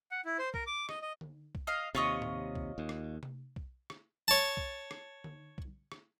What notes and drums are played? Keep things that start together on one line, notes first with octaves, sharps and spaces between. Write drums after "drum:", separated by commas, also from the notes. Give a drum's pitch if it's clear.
F#5
E4
C5
A#4, drum: kick B1
D6
D#5, drum: rim click
D#5
drum: tom D3
drum: kick B1
D#5 F5
D#2 C3 F4 C#5 D#5
drum: tom A2
drum: kick B1
D#2
drum: rim click
drum: tom C3
drum: kick B1
drum: rim click
C#5 A5
drum: kick B1
drum: rim click
drum: tom D3
drum: kick B1
drum: rim click